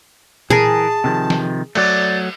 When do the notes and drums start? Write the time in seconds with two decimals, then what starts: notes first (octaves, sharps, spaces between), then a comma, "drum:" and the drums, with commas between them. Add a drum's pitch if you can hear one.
0.50 E3 G#4 A#4 A5, drum: tom A#2
1.04 C3 D#3 F3
1.30 drum: snare
1.75 F#3 A3 D5, drum: cymbal